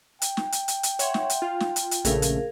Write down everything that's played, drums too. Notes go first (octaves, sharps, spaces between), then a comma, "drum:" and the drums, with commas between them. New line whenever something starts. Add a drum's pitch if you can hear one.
G5, drum: hi-hat
drum: snare
drum: hi-hat
drum: hi-hat
drum: hi-hat
C#5 E5 F#5 C6, drum: hi-hat
drum: snare
drum: hi-hat
F4 F5
drum: snare
drum: hi-hat
drum: hi-hat
A#1 C#3 A3 G#4 A#4 F5, drum: hi-hat
drum: hi-hat